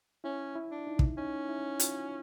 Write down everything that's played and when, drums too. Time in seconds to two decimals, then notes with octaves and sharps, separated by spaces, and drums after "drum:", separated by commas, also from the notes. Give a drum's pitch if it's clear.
0.24 C#4 E4
0.55 E4
0.71 D4
0.87 D#4
0.99 drum: kick
1.18 C#4 D#4
1.49 E4
1.80 F4, drum: hi-hat